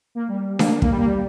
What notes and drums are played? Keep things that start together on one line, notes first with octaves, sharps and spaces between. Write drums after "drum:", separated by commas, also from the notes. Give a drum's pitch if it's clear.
A#3
G3
A#3, drum: snare D4
A#3, drum: kick
G3
A#3
G3